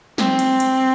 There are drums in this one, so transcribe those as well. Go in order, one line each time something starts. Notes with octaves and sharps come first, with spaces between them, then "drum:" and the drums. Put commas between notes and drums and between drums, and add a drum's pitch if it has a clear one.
C4, drum: snare
drum: cymbal
drum: cymbal